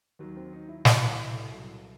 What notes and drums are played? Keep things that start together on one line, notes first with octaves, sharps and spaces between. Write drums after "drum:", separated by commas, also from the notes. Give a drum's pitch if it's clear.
D#2 D#3 F#3
C4
D#4
E4
C2 C3 E3 F#4, drum: snare
B4
A4
C2 B2 F#3